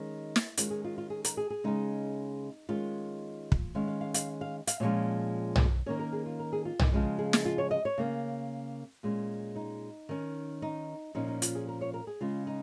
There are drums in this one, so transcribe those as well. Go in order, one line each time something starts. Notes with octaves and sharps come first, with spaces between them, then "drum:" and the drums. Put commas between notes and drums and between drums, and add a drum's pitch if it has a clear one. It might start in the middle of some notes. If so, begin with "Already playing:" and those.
Already playing: D#3 G#3 C#4
drum: snare
D#3 G#3 C#4 F4, drum: hi-hat
G#4
F4
F4
G#4
A#4, drum: hi-hat
G#4
G#4
C#3 G#3 C#4 D#4
D#3 G#3 C#4 F4
drum: kick
D#3 G#3 C#4 F5
F5
F5
F5, drum: hi-hat
F5
F5, drum: hi-hat
A#2 F3 G#3 C#4 C#5
drum: tom B1
D#3 A#3 C#4 C#5
A#4
G#4
F4
A#4
G#4
F4
D#4, drum: tom B1
C#3 F3 G#3 C#4 F4
G#4
drum: snare
F4
C#5
D#5
C#5
C#3 A#3 C#4
A#2 G#3 C#4
D#4
D#3 C#4
D#4
A#2 F3 C#4 D#4
D#4
F4, drum: hi-hat
G#4
A#4
C#5
A#4
G#4
C#3 G#3 C#4 F4
D#4